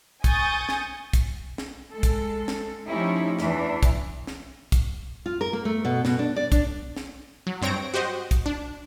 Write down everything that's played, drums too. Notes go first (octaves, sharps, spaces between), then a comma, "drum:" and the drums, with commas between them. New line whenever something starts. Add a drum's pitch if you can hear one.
G#5 C#6 D#6 G6 A6, drum: kick, hi-hat
drum: snare
drum: kick, hi-hat
drum: snare
G#3 A4
drum: kick, hi-hat
drum: snare
F3 A3 C#4 D#4 E4 G4
E2 E3 D4, drum: snare
drum: kick, hi-hat
drum: snare
drum: kick, hi-hat
F4
A#4
A#3
A3
B2
B2, drum: snare
D4
D5
D4, drum: kick, hi-hat
drum: snare
F#3
G2 C4 C#5 A#6 D7
F#4 G4 C5 D#5
drum: kick, hi-hat
D4